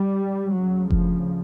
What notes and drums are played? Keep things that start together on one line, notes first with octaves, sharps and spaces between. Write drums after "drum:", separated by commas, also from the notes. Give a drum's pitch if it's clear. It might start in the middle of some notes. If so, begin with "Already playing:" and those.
Already playing: G3
D2 C#3 F#3
F3, drum: kick F1